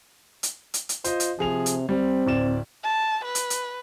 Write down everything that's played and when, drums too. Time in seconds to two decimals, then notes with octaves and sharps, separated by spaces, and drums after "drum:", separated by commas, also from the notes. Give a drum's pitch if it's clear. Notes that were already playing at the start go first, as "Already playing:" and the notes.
0.43 drum: hi-hat
0.74 drum: hi-hat
0.89 drum: hi-hat
1.04 F4 C5 D#5, drum: hi-hat
1.20 drum: hi-hat
1.39 C3 F3 G#4 F7
1.66 drum: hi-hat
1.89 G3 C4
2.26 D1 D5 E7
2.84 A5
3.25 B4
3.35 drum: hi-hat
3.50 drum: hi-hat